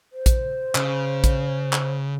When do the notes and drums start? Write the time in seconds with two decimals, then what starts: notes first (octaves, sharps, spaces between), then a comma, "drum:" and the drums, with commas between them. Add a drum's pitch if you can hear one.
0.13 C5
0.26 drum: kick A#1, hi-hat
0.75 C#3, drum: clap
1.24 drum: kick A#1, hi-hat
1.73 drum: clap